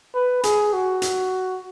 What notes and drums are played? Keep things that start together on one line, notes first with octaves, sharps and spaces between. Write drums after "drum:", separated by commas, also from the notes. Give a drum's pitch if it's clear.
B4
G#4, drum: hi-hat
F#4
drum: hi-hat